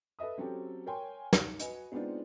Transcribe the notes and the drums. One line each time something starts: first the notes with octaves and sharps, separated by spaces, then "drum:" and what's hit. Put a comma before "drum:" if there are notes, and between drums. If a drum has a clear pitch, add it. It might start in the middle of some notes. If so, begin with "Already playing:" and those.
A4 B4 D#5 E5 D#6
F#3 C4 C#4 G4 A4
A#4 C#5 G5 G#5 C6
G#2 C#7, drum: snare
F#4 B4 D#5 G#5, drum: hi-hat
G#3 B3 C4 D4 D#4 F4